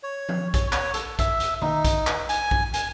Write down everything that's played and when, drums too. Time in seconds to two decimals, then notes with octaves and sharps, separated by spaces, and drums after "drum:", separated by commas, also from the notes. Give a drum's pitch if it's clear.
0.03 C#5
0.29 drum: tom F3
0.54 C#5, drum: kick A#1, hi-hat
0.72 C#5, drum: clap
0.94 A4, drum: hi-hat
1.19 E5, drum: kick A#1, hi-hat
1.40 drum: hi-hat
1.62 D#4, drum: tom D3
1.85 drum: kick A#1, hi-hat
2.07 drum: clap
2.29 G#5, drum: hi-hat
2.51 drum: kick A#1
2.74 G#5, drum: hi-hat